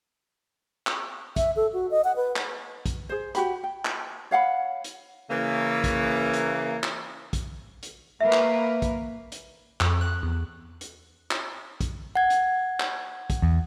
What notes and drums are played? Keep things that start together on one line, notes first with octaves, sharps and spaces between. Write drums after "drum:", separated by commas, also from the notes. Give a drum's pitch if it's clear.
drum: clap
E5, drum: kick, hi-hat
A4
F#4
D#5
F#5
B4
drum: clap
drum: kick, hi-hat
G#4 C5
F#4 G4 B5, drum: hi-hat
G5
drum: clap
C#5 F5 F#5 B5
drum: hi-hat
C#3 E3 A#3
drum: kick, hi-hat
drum: hi-hat
drum: clap
drum: kick, hi-hat
drum: hi-hat
A#3 A#4 B4 E5
drum: clap
drum: kick, hi-hat
drum: hi-hat
F2, drum: clap
F#6
E2
drum: hi-hat
drum: clap
drum: kick, hi-hat
F#5 G#6
drum: hi-hat
drum: clap
drum: kick, hi-hat
E2